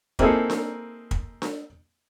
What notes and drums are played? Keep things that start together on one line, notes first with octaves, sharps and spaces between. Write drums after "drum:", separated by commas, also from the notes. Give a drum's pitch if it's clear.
A#3 C4 D#4 E4 G#4 A4, drum: kick
drum: snare D4
drum: kick
drum: snare D4